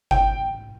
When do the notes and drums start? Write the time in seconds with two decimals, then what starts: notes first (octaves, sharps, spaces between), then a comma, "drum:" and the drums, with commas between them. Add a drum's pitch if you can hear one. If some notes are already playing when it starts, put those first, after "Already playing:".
0.11 G5, drum: kick G1